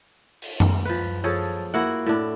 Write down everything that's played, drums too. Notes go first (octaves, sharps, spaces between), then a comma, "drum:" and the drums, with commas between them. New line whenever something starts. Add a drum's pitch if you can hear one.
drum: open hi-hat
drum: tom F#2
F3 B4
F3 G#4 A4 C#5
A#3 E4 F#4 F#5
A2 D4